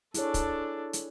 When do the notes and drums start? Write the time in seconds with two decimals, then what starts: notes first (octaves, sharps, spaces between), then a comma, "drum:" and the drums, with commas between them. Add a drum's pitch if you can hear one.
0.14 D4 E4 G#4 A4 C#5, drum: hi-hat
0.34 drum: kick, hi-hat
0.93 drum: hi-hat